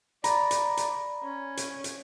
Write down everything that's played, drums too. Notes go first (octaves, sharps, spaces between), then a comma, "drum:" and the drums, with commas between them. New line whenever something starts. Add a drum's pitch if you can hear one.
D5 A#5 B5, drum: hi-hat
drum: hi-hat
drum: hi-hat
C#4
drum: hi-hat
drum: hi-hat